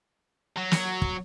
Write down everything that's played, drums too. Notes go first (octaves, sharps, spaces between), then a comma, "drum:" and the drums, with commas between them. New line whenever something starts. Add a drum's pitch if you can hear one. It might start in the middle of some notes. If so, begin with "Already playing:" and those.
F#3
drum: snare
drum: kick